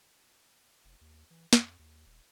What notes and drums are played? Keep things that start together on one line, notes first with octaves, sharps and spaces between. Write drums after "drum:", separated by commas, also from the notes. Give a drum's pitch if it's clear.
F1
D#2
E3
F2, drum: snare
D#2
D#1